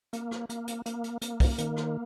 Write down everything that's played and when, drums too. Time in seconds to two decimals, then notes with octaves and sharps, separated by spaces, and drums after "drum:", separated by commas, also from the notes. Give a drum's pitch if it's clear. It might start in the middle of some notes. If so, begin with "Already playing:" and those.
0.13 A#3, drum: hi-hat
0.31 drum: rim click
0.49 A#3, drum: hi-hat
0.68 drum: hi-hat
0.86 A#3, drum: hi-hat
1.04 drum: hi-hat
1.22 A#3, drum: hi-hat
1.40 drum: kick, open hi-hat
1.58 D#3, drum: hi-hat
1.77 drum: rim click